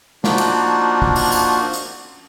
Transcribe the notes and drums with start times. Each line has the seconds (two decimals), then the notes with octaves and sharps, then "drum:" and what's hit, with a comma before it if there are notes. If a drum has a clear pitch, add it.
0.24 F3 A#3 D4 D#4 F4 F#4, drum: snare
0.38 drum: cymbal
1.02 drum: kick
1.16 drum: open hi-hat
1.32 drum: tambourine
1.73 drum: hi-hat